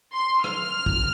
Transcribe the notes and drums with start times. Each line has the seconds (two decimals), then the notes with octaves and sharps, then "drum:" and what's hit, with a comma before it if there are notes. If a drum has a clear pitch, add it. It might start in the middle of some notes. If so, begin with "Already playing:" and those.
0.13 C6
0.44 F6, drum: rim click
0.86 drum: kick